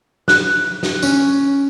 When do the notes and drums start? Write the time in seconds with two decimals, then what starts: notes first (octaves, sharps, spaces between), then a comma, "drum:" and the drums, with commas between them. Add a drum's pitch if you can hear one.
0.28 F#6, drum: snare
0.83 drum: snare
1.03 C#4, drum: tambourine